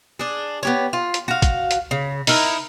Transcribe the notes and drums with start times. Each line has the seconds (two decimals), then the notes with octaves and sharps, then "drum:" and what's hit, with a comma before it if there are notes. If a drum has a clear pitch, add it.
0.19 D4 G#4
0.63 B3 G4 C#5
0.93 F4
1.14 drum: hi-hat
1.28 F#4 F5
1.42 drum: kick, hi-hat
1.71 drum: hi-hat
1.91 C#3
2.27 D#4 E4 A#4, drum: open hi-hat